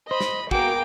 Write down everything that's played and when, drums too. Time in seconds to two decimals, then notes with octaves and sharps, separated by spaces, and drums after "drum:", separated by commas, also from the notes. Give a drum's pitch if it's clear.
0.11 C5 D#5 B5
0.20 drum: snare
0.51 A#3 B3 F#4 G#4 G5 D6, drum: kick